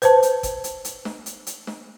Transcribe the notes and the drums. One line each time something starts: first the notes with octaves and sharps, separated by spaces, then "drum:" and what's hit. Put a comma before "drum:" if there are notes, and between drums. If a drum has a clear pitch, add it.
B4 C5 A5, drum: hi-hat
drum: hi-hat
drum: kick G1, hi-hat
drum: hi-hat
drum: hi-hat
drum: snare
drum: hi-hat
drum: hi-hat
drum: snare